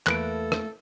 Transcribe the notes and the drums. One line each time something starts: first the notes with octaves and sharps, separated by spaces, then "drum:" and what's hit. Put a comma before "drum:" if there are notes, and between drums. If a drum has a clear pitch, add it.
E2 A3 A#3 E4 A4 B4 F#6 D7, drum: clap
drum: rim click